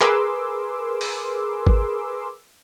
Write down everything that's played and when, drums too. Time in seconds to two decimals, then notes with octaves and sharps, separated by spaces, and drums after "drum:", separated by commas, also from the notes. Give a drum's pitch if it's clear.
0.01 G#4 A#4 B4 C6 D6 E6, drum: clap
1.01 drum: open hi-hat
1.67 drum: kick G#1